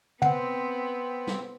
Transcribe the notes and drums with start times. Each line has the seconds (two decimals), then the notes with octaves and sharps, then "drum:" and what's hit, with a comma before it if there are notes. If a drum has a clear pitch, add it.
0.22 B3 C4 F#5, drum: tom
1.27 drum: snare